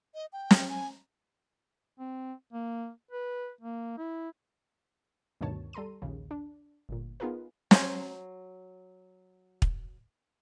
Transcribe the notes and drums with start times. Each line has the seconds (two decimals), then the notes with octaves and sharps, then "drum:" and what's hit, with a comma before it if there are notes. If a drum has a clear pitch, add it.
0.15 D#5
0.33 G5
0.51 drum: snare
0.69 G#5
1.99 C4
2.53 A#3
3.11 B4
3.61 A#3
3.98 E4
5.41 D2 G2 B2 D#3 C#5 A5
5.73 G3 A4 A#5 C6 D#7
6.02 A#1 D#2 C#3
6.31 D4
6.89 G1 A#2
7.20 B3 D#4 F4 G#4 A#4 B4
7.71 F#3 C5 G#5, drum: snare
9.62 drum: kick